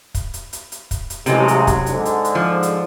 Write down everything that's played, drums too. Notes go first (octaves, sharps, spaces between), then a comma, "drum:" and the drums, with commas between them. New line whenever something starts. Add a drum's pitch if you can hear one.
drum: kick, hi-hat
drum: hi-hat
drum: hi-hat
drum: hi-hat
drum: kick, hi-hat
drum: hi-hat
A1 C3 F#3 G#3, drum: hi-hat
drum: hi-hat
drum: kick, hi-hat
G#2 D3, drum: hi-hat
drum: hi-hat
drum: hi-hat
F3
drum: hi-hat